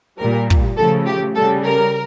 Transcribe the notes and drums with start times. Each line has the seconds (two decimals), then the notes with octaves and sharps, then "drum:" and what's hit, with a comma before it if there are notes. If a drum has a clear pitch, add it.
0.18 A#2 G3 A#4
0.50 drum: kick
0.77 C#3 F3 A3 A4
1.06 G4
1.35 C#3 G3 A4
1.65 A#4